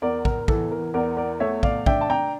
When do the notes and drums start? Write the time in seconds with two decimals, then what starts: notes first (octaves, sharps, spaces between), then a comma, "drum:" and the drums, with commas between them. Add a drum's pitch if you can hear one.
0.02 E2 A#4 D5
0.25 A#4, drum: kick
0.48 E3 A4, drum: kick
0.71 A#4
0.94 E2 A#4 D5
1.17 A#4 D5
1.40 A3 C#5 E5
1.63 D5 F5, drum: kick
1.86 D4 E5 G5, drum: kick
2.01 A5
2.10 G5 A#5